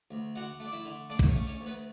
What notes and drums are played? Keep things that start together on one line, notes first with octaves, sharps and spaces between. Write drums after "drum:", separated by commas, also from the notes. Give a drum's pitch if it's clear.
D2
D3 F#4 F#5
A3
D5
E4 E5
D3
A3 D4 D5
drum: kick
C#4 C#5
A3
C#4 C#5
D2
B3 B4